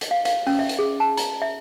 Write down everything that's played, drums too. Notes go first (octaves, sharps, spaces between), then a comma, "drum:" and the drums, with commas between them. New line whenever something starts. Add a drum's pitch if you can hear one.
drum: hi-hat
F5
F5, drum: hi-hat
C#4, drum: open hi-hat
E5
drum: hi-hat
G#4
A5
A#5, drum: hi-hat
E5